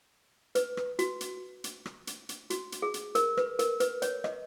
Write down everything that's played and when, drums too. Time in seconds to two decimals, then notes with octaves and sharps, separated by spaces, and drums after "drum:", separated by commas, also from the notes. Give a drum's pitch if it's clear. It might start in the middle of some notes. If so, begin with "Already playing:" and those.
0.55 B4, drum: hi-hat
0.77 drum: rim click
0.99 F#4, drum: hi-hat
1.21 drum: hi-hat
1.64 drum: hi-hat
1.86 drum: rim click
2.07 drum: hi-hat
2.29 drum: hi-hat
2.50 F#4, drum: hi-hat
2.72 drum: hi-hat
2.82 G#4
2.94 drum: hi-hat
3.15 A#4, drum: hi-hat
3.37 B4, drum: rim click
3.59 A#4, drum: hi-hat
3.80 B4, drum: hi-hat
4.02 C#5, drum: hi-hat
4.24 D#5, drum: rim click